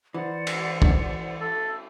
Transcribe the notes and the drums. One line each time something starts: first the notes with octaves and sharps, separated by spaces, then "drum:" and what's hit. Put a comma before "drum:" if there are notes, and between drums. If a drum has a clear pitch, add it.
E3 C5 D5 F#5
drum: cymbal
drum: kick
A4